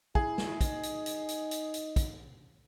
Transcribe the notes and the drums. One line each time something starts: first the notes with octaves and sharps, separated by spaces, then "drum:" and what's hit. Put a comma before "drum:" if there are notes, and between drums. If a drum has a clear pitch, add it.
E4 G#4, drum: kick
drum: snare
D#4, drum: kick, hi-hat
drum: hi-hat
drum: hi-hat
drum: hi-hat
drum: hi-hat
drum: hi-hat
drum: kick, hi-hat